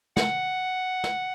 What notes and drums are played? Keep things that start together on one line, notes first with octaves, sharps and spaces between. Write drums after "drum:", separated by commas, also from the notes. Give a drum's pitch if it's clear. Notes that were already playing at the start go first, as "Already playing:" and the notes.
F#5, drum: snare
drum: snare